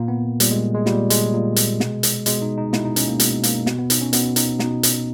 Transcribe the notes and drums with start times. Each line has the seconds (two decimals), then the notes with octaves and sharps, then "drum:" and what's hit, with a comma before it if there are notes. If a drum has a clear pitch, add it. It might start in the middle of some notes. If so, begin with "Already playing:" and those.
Already playing: A#2 A#3
0.08 B3
0.40 A#2 G3, drum: hi-hat
0.51 G#3
0.74 G#3
0.86 A#2 G3, drum: snare
1.10 G#3, drum: hi-hat
1.33 A#2
1.56 drum: hi-hat
1.80 B2, drum: snare
2.03 drum: hi-hat
2.26 B2 G#3, drum: hi-hat
2.42 D#4
2.58 D#4
2.73 B2 E4, drum: snare
2.85 D#4
2.96 C#4, drum: hi-hat
3.08 A#3
3.20 B2 G#3, drum: hi-hat
3.43 A#3, drum: hi-hat
3.66 B2 B3, drum: snare
3.78 B3
3.90 D#4, drum: hi-hat
4.01 C#4
4.13 B2 B3, drum: hi-hat
4.36 D#4, drum: hi-hat
4.59 B2 D#4, drum: snare
4.83 drum: hi-hat